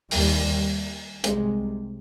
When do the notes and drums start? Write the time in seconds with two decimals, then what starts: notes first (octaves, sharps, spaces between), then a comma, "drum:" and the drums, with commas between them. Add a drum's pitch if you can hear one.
0.11 D#2 G3, drum: open hi-hat
1.24 C2 C3 G#3, drum: hi-hat